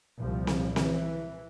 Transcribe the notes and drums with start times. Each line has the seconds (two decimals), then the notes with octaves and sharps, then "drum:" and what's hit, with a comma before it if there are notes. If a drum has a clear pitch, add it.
0.18 C2 A#2 F3
0.47 drum: snare C4
0.76 E3, drum: snare C4